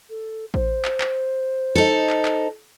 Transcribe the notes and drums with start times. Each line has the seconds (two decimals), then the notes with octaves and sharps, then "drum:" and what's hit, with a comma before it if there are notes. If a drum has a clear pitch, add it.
0.10 A4
0.54 C5, drum: kick A1
0.85 drum: clap
1.01 drum: clap
1.75 D#4 A4
2.10 drum: clap
2.25 drum: clap